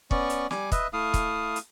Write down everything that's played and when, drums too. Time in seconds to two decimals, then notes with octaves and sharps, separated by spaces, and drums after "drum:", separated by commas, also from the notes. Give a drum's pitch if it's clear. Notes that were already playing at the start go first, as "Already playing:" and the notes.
0.11 B3 C#4 D5 C#6, drum: kick
0.30 drum: hi-hat
0.51 G3 G#5 D6, drum: snare
0.72 B4 D#5 E5, drum: kick, hi-hat
0.93 A3 E4 F5 D#6
1.14 drum: kick, hi-hat
1.56 drum: hi-hat